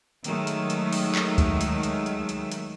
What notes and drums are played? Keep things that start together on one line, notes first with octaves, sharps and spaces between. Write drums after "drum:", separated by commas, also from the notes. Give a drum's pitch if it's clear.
D#3 F#3 G#3 A3, drum: hi-hat
drum: hi-hat
drum: hi-hat
drum: open hi-hat
drum: clap
drum: kick C#2, hi-hat
drum: hi-hat
drum: hi-hat
drum: hi-hat
drum: hi-hat
drum: hi-hat